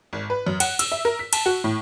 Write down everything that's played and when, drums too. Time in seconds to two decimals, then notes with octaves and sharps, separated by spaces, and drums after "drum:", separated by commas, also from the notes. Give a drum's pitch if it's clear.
0.13 G#1
0.30 B4
0.47 F#2
0.60 F#5, drum: cymbal
0.79 E6, drum: cymbal
0.92 E5
1.05 A#4
1.19 B6
1.33 A5, drum: cymbal
1.46 F#4
1.64 A2